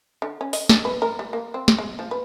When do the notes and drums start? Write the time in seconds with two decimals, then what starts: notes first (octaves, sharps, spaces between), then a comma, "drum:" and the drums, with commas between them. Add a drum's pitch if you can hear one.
0.22 D3
0.41 C#4
0.53 D#5, drum: open hi-hat
0.69 D4, drum: snare
0.85 B4
1.02 A#4
1.19 G3
1.33 A#3
1.54 C4
1.68 drum: snare
1.79 G#3
1.99 F3
2.11 B4